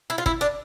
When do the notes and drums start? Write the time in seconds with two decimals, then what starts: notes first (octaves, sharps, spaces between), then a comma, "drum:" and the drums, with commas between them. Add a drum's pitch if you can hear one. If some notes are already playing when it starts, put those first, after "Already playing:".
0.10 E4
0.18 F4
0.26 E4, drum: kick
0.41 D4